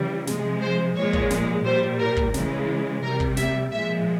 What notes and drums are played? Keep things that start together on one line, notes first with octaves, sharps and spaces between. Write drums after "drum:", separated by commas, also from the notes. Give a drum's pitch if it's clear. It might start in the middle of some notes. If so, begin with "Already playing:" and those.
Already playing: C#3 E3 G3
C3 F3 G#3, drum: snare
C5
A#2 F3 G#3 C#5
drum: kick
drum: snare
A#2 G3 C5
A#4
drum: kick
C#3 E3 G#3, drum: snare
C3 G3 A#4
drum: kick
E5, drum: snare
A#2 F3 G#3 E5